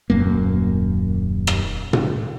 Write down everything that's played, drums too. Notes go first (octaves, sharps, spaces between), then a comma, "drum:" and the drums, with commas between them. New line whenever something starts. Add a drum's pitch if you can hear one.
D#1 F#2 A#3
drum: rim click
drum: tom